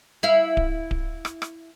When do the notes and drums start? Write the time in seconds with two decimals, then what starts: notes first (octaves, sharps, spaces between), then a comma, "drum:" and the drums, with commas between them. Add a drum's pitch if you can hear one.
0.23 E4 F5
0.57 drum: kick D1
0.91 drum: kick D1
1.25 drum: rim click
1.42 drum: rim click